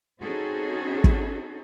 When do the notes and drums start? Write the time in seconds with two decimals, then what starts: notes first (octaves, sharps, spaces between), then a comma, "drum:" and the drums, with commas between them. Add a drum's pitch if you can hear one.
0.22 C4 C#4 D#4 F#4 G#4 A4
1.04 drum: kick